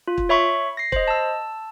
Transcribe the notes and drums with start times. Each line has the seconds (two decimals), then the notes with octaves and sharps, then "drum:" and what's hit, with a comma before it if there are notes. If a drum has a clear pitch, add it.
0.08 F4
0.18 drum: kick
0.29 C#5 E5 B5 C#6
0.77 A#6 C7
0.92 C5 D#5, drum: kick
1.08 A5 E6